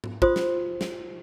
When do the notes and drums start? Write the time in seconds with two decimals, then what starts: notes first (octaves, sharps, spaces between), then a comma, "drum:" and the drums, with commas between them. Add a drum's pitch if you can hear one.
0.04 drum: tom G#2
0.22 F4 C5 C6 D#6, drum: kick
0.36 drum: snare
0.81 drum: snare